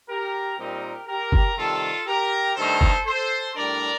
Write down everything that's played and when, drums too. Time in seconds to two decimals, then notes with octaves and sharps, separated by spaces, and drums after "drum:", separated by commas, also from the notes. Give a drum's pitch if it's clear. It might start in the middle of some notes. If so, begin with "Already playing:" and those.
0.09 G4 A#4
0.58 A#2 G3 C4 D#4 G4 A#4
1.07 G4 A#4
1.32 drum: kick
1.57 C3 D#3 G3 F4 A4
2.06 G4 A#4
2.56 G2 D#3 A3 D#4 A4 C5
2.81 drum: kick
3.06 A4 C5
3.55 A2 G3 D4 A#4 D5